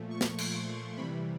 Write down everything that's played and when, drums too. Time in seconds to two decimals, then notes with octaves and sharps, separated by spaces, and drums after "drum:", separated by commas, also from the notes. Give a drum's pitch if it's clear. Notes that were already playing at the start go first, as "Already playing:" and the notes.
Already playing: A#2 F3 A3
0.10 C#6
0.21 drum: snare
0.38 C6, drum: cymbal
0.96 C3 E3 G3 B5